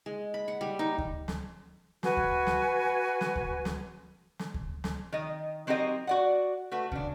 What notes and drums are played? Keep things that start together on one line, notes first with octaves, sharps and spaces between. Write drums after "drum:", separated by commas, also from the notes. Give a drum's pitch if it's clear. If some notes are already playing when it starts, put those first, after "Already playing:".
G#3
B5
F#5
G3
D#4
drum: kick D2
drum: snare
F#4 B4 G#5, drum: snare
drum: kick D2
drum: snare
drum: snare
drum: kick D2
drum: snare
drum: snare
drum: kick D2
drum: snare
D#3 D#5
F#3 C4 D#4 G4 A#4 D#5
F#4 D5 F#5
A3 F#4 B4
C#3 D4, drum: kick D2